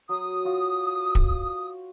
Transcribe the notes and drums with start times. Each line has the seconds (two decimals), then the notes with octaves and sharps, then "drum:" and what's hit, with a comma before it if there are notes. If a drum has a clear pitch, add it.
0.09 F#3 D#6
0.45 F4 F#4 F5
1.15 drum: kick